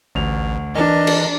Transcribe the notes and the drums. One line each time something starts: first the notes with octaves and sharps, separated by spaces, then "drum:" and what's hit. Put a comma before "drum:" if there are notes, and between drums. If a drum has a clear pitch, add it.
A1 D2 F7
E3 D4 A#4 D#5
drum: cymbal